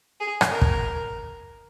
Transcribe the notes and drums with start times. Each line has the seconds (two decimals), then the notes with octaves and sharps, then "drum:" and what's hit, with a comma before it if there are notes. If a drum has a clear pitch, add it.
0.20 G#4
0.41 drum: rim click
0.51 A#4
0.62 drum: kick